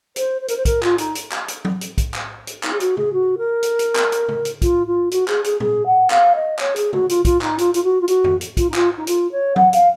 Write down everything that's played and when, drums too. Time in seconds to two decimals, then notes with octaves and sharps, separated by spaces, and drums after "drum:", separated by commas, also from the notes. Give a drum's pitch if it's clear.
0.16 C5, drum: hi-hat
0.41 C5
0.48 A#4, drum: hi-hat
0.56 C5
0.65 A#4, drum: kick, hi-hat
0.83 F4, drum: clap
0.98 D#4, drum: hi-hat
1.15 drum: hi-hat
1.32 drum: clap
1.48 drum: hi-hat
1.65 drum: tom F#3
1.81 drum: hi-hat
1.98 drum: kick, hi-hat
2.14 drum: clap
2.47 drum: hi-hat
2.63 D#4, drum: clap
2.72 G#4
2.80 F#4, drum: hi-hat
2.97 G#4, drum: tom
3.13 F#4
3.37 A#4
3.63 drum: hi-hat
3.79 drum: hi-hat
3.96 drum: clap
4.12 drum: hi-hat
4.29 drum: tom
4.45 drum: hi-hat
4.62 F4, drum: kick, hi-hat
4.86 F4
5.11 F#4, drum: hi-hat
5.28 G#4, drum: clap
5.44 G#4, drum: hi-hat
5.60 G#4, drum: tom A#2
5.86 F#5
6.10 F5, drum: clap
6.35 D#5
6.59 C#5, drum: clap
6.76 G#4, drum: hi-hat
6.93 F#4, drum: tom
7.09 F4, drum: hi-hat
7.25 F4, drum: kick, hi-hat
7.41 D#4, drum: clap
7.58 F4, drum: hi-hat
7.74 F4, drum: hi-hat
7.83 F#4
8.01 F4
8.08 F#4, drum: hi-hat
8.24 drum: tom F2
8.41 drum: hi-hat
8.57 F4, drum: kick, hi-hat
8.69 D#4
8.74 F4, drum: clap
8.97 D#4
9.07 F4, drum: hi-hat
9.31 C#5
9.56 F#5, drum: tom F#3
9.73 F5, drum: hi-hat